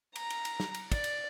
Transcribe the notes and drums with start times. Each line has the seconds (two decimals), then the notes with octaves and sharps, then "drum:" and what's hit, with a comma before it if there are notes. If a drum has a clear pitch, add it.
0.16 A#5, drum: cymbal
0.30 drum: cymbal
0.45 drum: cymbal
0.60 drum: snare
0.74 drum: cymbal
0.92 D5, drum: kick, cymbal
1.04 drum: cymbal